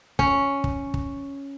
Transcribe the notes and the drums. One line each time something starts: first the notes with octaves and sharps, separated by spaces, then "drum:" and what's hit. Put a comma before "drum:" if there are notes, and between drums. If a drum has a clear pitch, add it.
C#4, drum: kick
drum: kick
drum: kick